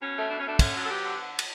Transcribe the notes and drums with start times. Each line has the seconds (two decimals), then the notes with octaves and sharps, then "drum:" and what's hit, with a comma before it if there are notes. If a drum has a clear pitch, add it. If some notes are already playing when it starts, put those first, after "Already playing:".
0.01 B2 C#4
0.16 A3
0.30 B2 D4
0.39 C#4
0.45 A3 D4
0.59 D3 C#4, drum: kick, cymbal
0.74 F#3
0.85 A4
0.89 B3 G4
1.04 D3
1.39 drum: cymbal